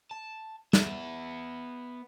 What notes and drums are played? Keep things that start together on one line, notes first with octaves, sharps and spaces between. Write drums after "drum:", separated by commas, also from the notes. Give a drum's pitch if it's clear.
A5
B3 E5, drum: snare